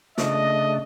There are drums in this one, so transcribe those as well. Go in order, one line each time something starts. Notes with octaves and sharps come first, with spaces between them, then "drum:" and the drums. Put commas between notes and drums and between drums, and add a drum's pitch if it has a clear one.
C#3 A3 D4 D#5, drum: snare